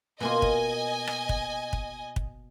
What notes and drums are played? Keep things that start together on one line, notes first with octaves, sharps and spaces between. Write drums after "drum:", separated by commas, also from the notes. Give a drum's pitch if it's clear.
B2 A#3 F4 D#5 G#5
drum: kick
drum: rim click
drum: kick
drum: kick
drum: kick